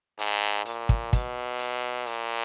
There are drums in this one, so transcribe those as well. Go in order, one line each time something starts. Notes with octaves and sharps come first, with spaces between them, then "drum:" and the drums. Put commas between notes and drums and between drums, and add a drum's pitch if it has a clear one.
G#2, drum: hi-hat
A#2, drum: hi-hat
drum: kick
B2, drum: kick, hi-hat
drum: hi-hat
A#2, drum: hi-hat